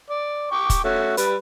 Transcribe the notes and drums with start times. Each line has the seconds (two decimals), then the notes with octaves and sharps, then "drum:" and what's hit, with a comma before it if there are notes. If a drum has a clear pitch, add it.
0.10 D5
0.51 G5 C#6 D6
0.70 drum: kick, hi-hat
0.84 A3 C#4 F#4
1.17 G3 B4, drum: hi-hat